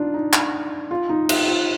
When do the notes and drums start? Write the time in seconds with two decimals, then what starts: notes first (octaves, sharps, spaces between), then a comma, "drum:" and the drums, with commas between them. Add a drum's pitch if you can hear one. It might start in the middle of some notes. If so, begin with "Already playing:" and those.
Already playing: D4 D#4 F4
0.14 D#4
0.33 drum: clap
0.91 F4
1.09 D#4
1.29 F4, drum: cymbal
1.48 F4